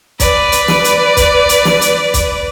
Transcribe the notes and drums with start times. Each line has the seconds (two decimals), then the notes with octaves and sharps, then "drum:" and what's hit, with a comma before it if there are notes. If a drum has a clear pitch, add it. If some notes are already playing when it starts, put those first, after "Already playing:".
0.20 B4 D5, drum: kick, hi-hat
0.52 drum: hi-hat
0.68 drum: snare
0.84 drum: hi-hat
1.17 drum: kick, hi-hat
1.49 drum: hi-hat
1.65 drum: snare
1.81 drum: hi-hat
2.14 drum: kick, hi-hat